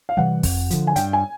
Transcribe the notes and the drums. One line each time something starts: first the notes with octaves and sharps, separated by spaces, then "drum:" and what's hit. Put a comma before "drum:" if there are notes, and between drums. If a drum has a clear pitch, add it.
F5
C3 E3 G3 F#5
F2, drum: kick, open hi-hat
D3 F3, drum: hi-hat
G#5
G2 G5, drum: hi-hat
G#5